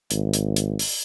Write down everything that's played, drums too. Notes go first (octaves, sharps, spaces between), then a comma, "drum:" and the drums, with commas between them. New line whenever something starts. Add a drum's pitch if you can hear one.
G#1, drum: hi-hat
drum: hi-hat
drum: hi-hat
drum: open hi-hat